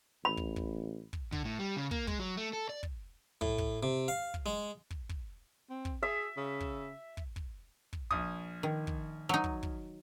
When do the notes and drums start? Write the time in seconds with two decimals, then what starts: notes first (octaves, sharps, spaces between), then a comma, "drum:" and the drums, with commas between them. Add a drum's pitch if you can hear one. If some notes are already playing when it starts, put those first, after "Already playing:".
0.25 A1 B5
0.37 drum: kick
0.56 drum: kick
1.13 drum: kick
1.32 D3, drum: kick
1.45 A2
1.59 G3
1.77 C#3
1.91 A#3, drum: kick
2.07 G#3, drum: kick
2.19 F#3
2.37 A3
2.53 A4
2.69 D5
2.83 drum: kick
3.41 A2, drum: kick
3.58 drum: kick
3.83 C3
4.08 F5
4.34 drum: kick
4.46 G#3
4.91 drum: kick
5.09 drum: kick
5.70 C4
5.85 drum: kick
6.03 G#4 E5
6.37 C#3
6.60 drum: kick
7.17 drum: kick
7.36 drum: kick
7.93 drum: kick
8.11 A#1 D#6, drum: kick
8.63 D#3
8.87 drum: kick
9.29 F#3 D#4
9.44 drum: kick
9.63 drum: kick